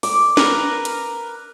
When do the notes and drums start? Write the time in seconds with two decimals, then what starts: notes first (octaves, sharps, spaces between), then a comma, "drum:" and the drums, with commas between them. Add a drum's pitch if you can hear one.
0.03 D6, drum: open hi-hat
0.37 A#4 B4, drum: snare
0.85 drum: hi-hat